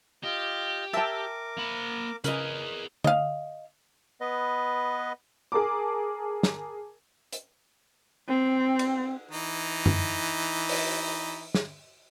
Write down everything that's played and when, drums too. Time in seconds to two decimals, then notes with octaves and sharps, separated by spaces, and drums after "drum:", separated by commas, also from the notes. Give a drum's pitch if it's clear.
0.23 F4 G4 D#5
0.93 A#4 E5 G5 A5 D6 E6
1.58 A#3 B5
2.24 C#3 G#4 A#4 B4 D#5, drum: hi-hat
3.04 D#5 F5, drum: tom D3
4.21 B3 B4 D#5
5.52 G#4 A#4 A5 A#5 D6
6.43 drum: snare
7.33 drum: hi-hat
8.29 C4
8.79 drum: cymbal
9.31 E3 D#4
9.86 drum: tom F#2
10.69 drum: open hi-hat
11.55 drum: snare